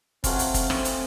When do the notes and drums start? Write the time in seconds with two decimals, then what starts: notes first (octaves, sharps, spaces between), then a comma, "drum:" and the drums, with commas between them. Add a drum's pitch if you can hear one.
0.24 F#3 A3 C4 C#4 F4, drum: kick, hi-hat
0.39 drum: hi-hat
0.54 drum: kick, hi-hat
0.70 C4, drum: rim click
0.85 drum: hi-hat